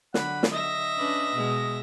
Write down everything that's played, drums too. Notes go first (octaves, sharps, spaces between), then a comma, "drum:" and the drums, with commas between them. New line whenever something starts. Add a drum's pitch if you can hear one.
D3 F#3 F#5 B5, drum: snare
drum: snare
D#5 E5 A#6
C#4 D4 B4
B2 G#3